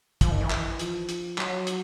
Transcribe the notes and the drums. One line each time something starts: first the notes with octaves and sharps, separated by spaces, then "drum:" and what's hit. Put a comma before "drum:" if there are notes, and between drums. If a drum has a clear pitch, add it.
F3, drum: kick, hi-hat
D#3
E3
drum: clap
F3, drum: hi-hat
drum: hi-hat
F#3, drum: clap
drum: hi-hat